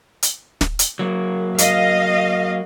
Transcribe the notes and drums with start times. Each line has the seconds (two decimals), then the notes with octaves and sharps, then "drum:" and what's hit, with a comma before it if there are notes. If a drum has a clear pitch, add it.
0.23 drum: hi-hat
0.61 drum: snare
0.79 drum: hi-hat
0.99 F#3 A#3
1.58 D#5 F5, drum: hi-hat